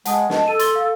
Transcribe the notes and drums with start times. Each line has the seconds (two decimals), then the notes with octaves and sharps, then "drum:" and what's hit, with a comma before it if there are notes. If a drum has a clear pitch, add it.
0.05 G#3 F#5 A5 D#6, drum: hi-hat
0.30 D#5 A5, drum: snare
0.48 A4 D#7
0.59 C6 A6 G7, drum: hi-hat
0.75 F5